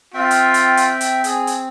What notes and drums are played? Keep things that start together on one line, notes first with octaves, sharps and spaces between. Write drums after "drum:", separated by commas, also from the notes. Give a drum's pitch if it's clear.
C4 F4 E5 G5
drum: hi-hat
drum: hi-hat
drum: hi-hat
drum: hi-hat
C4 G#4, drum: hi-hat
drum: hi-hat